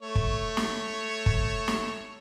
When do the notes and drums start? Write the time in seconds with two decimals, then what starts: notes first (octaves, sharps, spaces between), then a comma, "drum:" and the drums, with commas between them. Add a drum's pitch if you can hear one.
0.02 A3 C#5
0.15 drum: kick
0.57 drum: snare
1.26 drum: kick
1.68 drum: snare